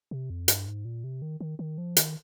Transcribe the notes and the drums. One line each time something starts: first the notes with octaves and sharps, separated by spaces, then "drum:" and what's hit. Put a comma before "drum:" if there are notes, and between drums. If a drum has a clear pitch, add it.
C3
F2
G2, drum: hi-hat
G#2
A#2
C3
D#3
D#3
D#3
F3
D#3, drum: hi-hat